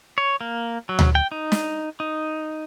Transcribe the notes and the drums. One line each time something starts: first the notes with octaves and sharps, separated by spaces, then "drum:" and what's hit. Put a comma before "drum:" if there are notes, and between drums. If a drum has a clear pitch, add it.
C#5
A#3
F#3
drum: tom D2
G5
D#4
drum: snare
D#4